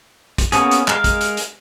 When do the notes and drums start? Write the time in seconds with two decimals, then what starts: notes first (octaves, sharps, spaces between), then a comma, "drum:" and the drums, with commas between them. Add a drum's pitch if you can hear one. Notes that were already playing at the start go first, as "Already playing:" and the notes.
0.38 drum: kick, hi-hat
0.52 A#3 B3 C#4 G#4, drum: hi-hat
0.71 drum: hi-hat
0.88 G#3 A#4 F5, drum: clap
1.04 drum: kick, hi-hat
1.21 drum: hi-hat
1.37 drum: hi-hat